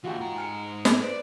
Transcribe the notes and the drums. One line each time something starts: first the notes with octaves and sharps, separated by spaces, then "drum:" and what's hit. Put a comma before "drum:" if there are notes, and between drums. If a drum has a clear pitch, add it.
D#2 E3 F4 F#4 G5
G#2 A#5
G#5 F6 C#7
drum: snare
B4 C5 D5